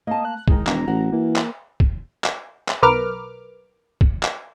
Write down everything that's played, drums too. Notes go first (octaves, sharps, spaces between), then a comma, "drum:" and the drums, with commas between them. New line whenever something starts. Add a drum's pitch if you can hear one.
A#3 D#5 A5
F#6
D#3 G#3 D#4, drum: kick
E1 A#5, drum: clap
A1 F#4
E3 A#3
drum: clap
drum: kick
drum: clap
drum: clap
B1 A#4 B4 D6 F6
drum: kick
drum: clap